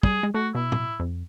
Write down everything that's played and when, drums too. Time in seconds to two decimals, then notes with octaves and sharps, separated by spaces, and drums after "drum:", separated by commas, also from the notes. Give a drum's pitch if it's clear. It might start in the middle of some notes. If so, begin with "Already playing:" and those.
0.03 G3 G#4, drum: kick
0.23 G#3
0.34 A3 F#4
0.55 B2 E4
0.72 drum: tom
1.00 F2